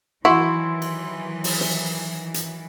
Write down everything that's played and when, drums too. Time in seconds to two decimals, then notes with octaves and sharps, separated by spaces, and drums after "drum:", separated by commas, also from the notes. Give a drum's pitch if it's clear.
0.25 D#3 E3 F#3 E4 F#4 C6
0.82 drum: cymbal
1.44 drum: open hi-hat
1.61 drum: snare
2.34 drum: hi-hat